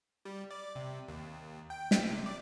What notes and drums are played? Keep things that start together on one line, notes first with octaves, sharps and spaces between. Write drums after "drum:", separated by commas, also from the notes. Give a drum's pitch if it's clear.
G3
D5
C3
D#2
G5
drum: snare
C3
D5